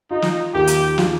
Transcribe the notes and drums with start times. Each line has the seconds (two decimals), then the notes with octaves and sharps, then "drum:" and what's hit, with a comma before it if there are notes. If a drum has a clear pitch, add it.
0.11 D#4 F4
0.22 drum: snare
0.54 D#2 G4
0.67 drum: hi-hat
0.98 F4, drum: snare